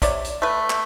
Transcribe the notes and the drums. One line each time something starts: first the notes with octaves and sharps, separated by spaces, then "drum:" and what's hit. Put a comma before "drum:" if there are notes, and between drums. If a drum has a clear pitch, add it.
C3 C#5 D5, drum: kick, hi-hat
drum: hi-hat
A3 B4
drum: clap